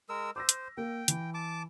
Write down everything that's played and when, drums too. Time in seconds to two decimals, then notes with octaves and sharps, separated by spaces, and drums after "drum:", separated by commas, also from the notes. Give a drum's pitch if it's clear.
0.09 G#3 A#4 E6
0.36 C5 D6 E6 A#6
0.49 drum: hi-hat
0.77 A#3 G5
1.08 E3, drum: hi-hat
1.34 A5 D6